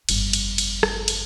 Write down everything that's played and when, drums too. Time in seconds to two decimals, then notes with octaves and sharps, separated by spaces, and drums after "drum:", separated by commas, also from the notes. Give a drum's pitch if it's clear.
0.09 G1 F2, drum: cymbal
0.33 drum: cymbal
0.58 drum: cymbal
0.83 drum: rim click
1.08 drum: cymbal